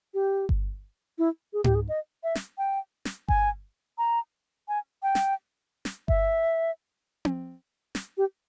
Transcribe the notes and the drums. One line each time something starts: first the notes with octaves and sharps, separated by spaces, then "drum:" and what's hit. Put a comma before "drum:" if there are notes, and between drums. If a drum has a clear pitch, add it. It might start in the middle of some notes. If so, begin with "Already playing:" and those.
G4
drum: kick G1
E4
G#4
G4, drum: tom G#2
G#4
D#5
E5
drum: snare
G5
drum: snare
G#5, drum: kick G1
A#5
G#5
G5
drum: snare
drum: snare
E5, drum: kick G1
drum: tom C4
drum: snare
G4